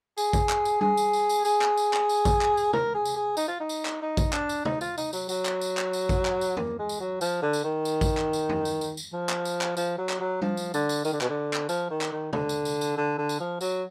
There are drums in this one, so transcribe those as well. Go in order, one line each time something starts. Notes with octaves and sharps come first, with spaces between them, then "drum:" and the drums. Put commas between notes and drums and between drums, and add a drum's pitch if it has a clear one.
G#4, drum: tambourine
drum: kick A1, tambourine
drum: clap
drum: tambourine
G#4, drum: tom G3
drum: tambourine
drum: tambourine
drum: tambourine
G#4, drum: tambourine
drum: clap
drum: tambourine
drum: clap
drum: tambourine
drum: kick A1, tambourine
drum: clap
drum: tambourine
A#4, drum: tom
G#4
drum: tambourine
G#4
D#4, drum: tambourine
F4
D#4
drum: tambourine
drum: clap
D#4
drum: kick A1, tambourine
D4, drum: clap
drum: tambourine
D#4, drum: tom
F4, drum: tambourine
D#4, drum: tambourine
F#3, drum: tambourine
F#3, drum: tambourine
drum: clap
drum: tambourine
drum: clap
drum: tambourine
drum: kick A1, tambourine
drum: clap
drum: tambourine
A#3, drum: tom
G#3
drum: tambourine
F#3
F3, drum: tambourine
D3
drum: tambourine
D#3
drum: tambourine
drum: kick A1, tambourine
drum: clap
drum: tambourine
drum: tom
drum: tambourine
drum: tambourine
drum: tambourine
F3
drum: clap
drum: tambourine
drum: clap
F3, drum: tambourine
F#3
drum: clap
F#3
F3, drum: tom G3
drum: tambourine
D3, drum: tambourine
drum: tambourine
D#3, drum: tambourine
D3
B2, drum: clap
D3
drum: clap
F3, drum: tambourine
D#3
drum: clap
D#3
D3, drum: tom
drum: tambourine
drum: tambourine
drum: tambourine
D3
D3
drum: tambourine
F3
F#3, drum: tambourine